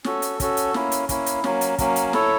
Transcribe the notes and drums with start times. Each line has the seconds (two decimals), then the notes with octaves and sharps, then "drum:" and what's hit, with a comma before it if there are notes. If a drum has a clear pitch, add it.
0.04 C#4 F#4 A4, drum: snare
0.22 drum: hi-hat
0.40 C#4 F#4 A4, drum: kick, hi-hat
0.57 drum: hi-hat
0.74 A#3 C#4 E4, drum: snare
0.92 drum: hi-hat
1.09 A#3 C#4 E4, drum: kick, hi-hat
1.26 drum: hi-hat
1.44 F#3 A#3 C#4, drum: snare
1.61 drum: hi-hat
1.78 F#3 A#3 C#4, drum: kick, hi-hat
1.96 drum: hi-hat
2.13 E4 A4 C#5, drum: snare